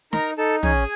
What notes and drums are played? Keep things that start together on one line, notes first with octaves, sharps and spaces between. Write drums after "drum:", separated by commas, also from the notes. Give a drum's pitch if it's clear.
D#4 A#4 A#5, drum: snare
D#4 A4 A5
C#4 G#4 G#5, drum: tom